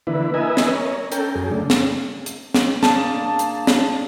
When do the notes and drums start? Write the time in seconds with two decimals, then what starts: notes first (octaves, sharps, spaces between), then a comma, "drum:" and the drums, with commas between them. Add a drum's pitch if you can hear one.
0.07 D3 E3 A#3 E4 B4
0.34 A#4 B4 D#5 E5 G#5
0.57 drum: snare
0.72 A#4 C#5
1.12 C#4 A4 A#4 G5, drum: hi-hat
1.35 F#2 G#4
1.52 C#3 A3 D4
1.70 drum: snare
2.26 drum: hi-hat
2.54 drum: snare
2.83 A#3 D4 G#4 A5, drum: snare
3.39 drum: hi-hat
3.67 drum: snare